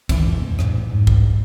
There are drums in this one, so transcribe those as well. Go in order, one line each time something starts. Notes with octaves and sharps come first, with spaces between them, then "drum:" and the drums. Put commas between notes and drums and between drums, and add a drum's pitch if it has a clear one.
D#3 E3 C4, drum: kick, cymbal
F2 A#2 A3
F2 A2, drum: rim click
G#2
drum: kick